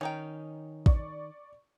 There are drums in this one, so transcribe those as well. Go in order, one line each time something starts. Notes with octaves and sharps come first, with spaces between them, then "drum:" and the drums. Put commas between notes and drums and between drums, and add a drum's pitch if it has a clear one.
D#3 C#4 D#4 G5
D5 C#6, drum: kick